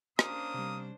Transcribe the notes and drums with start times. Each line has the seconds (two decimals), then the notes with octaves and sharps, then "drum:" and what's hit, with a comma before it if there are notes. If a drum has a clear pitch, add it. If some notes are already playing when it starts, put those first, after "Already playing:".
0.19 A#3 C#4 D4 C5 D#6, drum: rim click
0.54 C3 G3